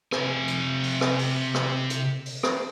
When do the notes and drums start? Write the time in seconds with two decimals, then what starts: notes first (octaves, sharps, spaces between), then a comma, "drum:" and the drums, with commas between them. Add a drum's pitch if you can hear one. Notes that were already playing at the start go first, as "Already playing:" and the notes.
0.12 C3 G#5, drum: rim click
0.48 drum: hi-hat
0.83 drum: open hi-hat
1.01 drum: rim click
1.19 drum: open hi-hat
1.54 drum: rim click
1.90 drum: hi-hat
2.26 drum: open hi-hat
2.43 drum: rim click